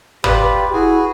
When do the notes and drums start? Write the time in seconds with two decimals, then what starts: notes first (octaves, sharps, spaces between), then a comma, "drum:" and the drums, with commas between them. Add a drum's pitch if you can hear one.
0.24 F4 G4 B4 D5 B5, drum: tom
0.73 E4 F#4 G#4 G#5